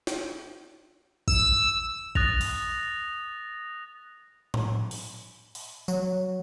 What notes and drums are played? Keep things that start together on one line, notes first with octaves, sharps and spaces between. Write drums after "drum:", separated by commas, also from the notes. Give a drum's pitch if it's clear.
drum: snare
E6, drum: kick
D#6 F#6 A6 A#6 F7, drum: kick
drum: open hi-hat
drum: tom A2
drum: open hi-hat
drum: open hi-hat
F#3, drum: tambourine